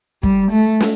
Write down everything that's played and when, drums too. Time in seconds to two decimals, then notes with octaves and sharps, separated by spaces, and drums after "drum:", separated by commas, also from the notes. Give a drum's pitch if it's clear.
0.23 G3, drum: kick
0.51 A3
0.80 drum: snare